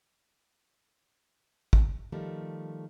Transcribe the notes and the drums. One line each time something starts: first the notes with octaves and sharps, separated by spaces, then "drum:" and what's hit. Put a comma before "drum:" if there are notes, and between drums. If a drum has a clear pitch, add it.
drum: kick G#1
D#3 F3 G3 A3